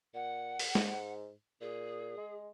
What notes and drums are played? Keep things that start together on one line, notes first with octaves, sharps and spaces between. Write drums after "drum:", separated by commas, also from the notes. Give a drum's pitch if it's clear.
A#2 F#5
drum: open hi-hat
G#2, drum: snare G#3
A#2 G#4
G#3